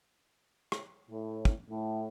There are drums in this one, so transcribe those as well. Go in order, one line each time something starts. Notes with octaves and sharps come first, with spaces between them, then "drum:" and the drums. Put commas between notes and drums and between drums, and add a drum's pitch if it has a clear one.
drum: rim click
A2
drum: kick
A2